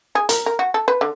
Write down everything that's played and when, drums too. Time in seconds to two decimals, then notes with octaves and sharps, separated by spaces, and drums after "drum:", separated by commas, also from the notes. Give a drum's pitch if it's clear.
0.15 G#4
0.29 A#4, drum: hi-hat
0.46 A#4
0.59 F#4
0.74 A4
0.88 B4
1.01 D3